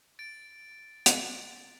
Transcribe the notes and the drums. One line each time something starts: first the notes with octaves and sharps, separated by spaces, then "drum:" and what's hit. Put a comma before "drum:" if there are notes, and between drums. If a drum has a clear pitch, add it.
A6 D7
drum: hi-hat